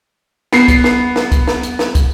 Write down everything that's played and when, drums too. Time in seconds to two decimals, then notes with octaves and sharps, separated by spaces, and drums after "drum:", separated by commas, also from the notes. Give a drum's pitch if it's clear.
0.53 B3 C7, drum: snare
0.68 drum: kick, hi-hat
0.84 drum: snare
1.16 drum: snare
1.32 drum: kick, hi-hat
1.48 drum: snare
1.63 drum: hi-hat
1.79 drum: snare
1.95 drum: kick, hi-hat